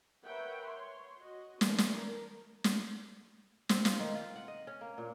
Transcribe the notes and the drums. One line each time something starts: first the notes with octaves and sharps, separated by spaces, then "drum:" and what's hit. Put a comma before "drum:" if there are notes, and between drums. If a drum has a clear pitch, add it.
A#4 B4 C#5 E5 F#5 G5
C#5 C6
F#4 D#5
E3 A3 A#3 D4 C#5, drum: snare
drum: snare
A#4
drum: snare
C4, drum: snare
F4, drum: snare
D#3
F4
F#5
D#5
C#4
A#3
A#2